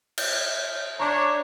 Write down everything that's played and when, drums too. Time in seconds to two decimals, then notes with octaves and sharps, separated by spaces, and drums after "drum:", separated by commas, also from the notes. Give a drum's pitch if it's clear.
0.18 drum: cymbal
0.99 D4 C#5 A#5 D6 G6